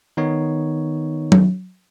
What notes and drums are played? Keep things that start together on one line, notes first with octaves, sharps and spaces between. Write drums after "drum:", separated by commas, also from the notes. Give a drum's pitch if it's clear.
D#3 B3 D#4 C#5
drum: tom F#3